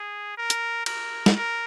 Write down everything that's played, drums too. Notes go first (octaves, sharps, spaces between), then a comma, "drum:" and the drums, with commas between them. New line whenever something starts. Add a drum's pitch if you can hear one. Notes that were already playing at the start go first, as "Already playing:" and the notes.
Already playing: G#4
A#4
drum: hi-hat
A#4, drum: cymbal
drum: snare
A#4